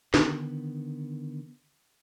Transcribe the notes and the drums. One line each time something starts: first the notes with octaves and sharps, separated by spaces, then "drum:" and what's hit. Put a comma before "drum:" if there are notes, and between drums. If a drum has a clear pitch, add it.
D3 D#3 B3, drum: snare